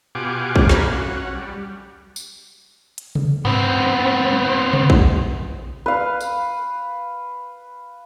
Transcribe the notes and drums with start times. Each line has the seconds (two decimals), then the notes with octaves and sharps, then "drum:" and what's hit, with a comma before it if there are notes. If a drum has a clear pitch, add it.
0.15 B2 F4 G4 F#5 G#5 D6
0.56 drum: kick A#1
0.69 F5 G#5 A#5 B5, drum: snare
0.92 C#4 F#4
1.35 G3
2.16 drum: tambourine
2.98 drum: hi-hat
3.15 drum: tom C3
3.45 B3 C4, drum: tom G2
4.73 drum: tom C3
4.90 drum: kick A#1
5.86 B4 F5
6.21 drum: tambourine